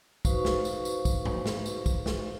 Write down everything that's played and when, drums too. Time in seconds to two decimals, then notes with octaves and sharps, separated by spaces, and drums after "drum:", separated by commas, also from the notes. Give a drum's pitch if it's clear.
0.25 D#4 F#4 B4 C5 F5 C#6, drum: kick, tambourine
0.45 drum: snare
0.65 drum: tambourine
0.85 drum: tambourine
1.05 drum: kick, tambourine
1.25 drum: tom G#2
1.46 drum: snare
1.66 drum: tambourine
1.86 drum: kick, tambourine
2.06 drum: snare